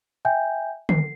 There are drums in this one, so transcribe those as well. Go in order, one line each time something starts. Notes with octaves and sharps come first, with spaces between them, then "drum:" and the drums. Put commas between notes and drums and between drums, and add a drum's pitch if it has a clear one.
E5 G5 G#5 G6
C7, drum: tom D3